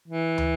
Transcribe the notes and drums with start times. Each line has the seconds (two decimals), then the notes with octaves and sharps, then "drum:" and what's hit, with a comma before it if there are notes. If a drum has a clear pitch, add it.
0.08 E3
0.38 drum: tom